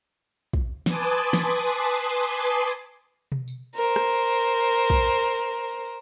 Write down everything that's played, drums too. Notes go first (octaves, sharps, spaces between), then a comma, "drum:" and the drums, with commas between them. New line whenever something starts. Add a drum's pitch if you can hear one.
drum: kick
B4 G#5 A5 C6 D6 D#6, drum: snare
drum: snare
drum: hi-hat
drum: tom B2
drum: tambourine
A#4 C5
drum: rim click
drum: hi-hat
drum: kick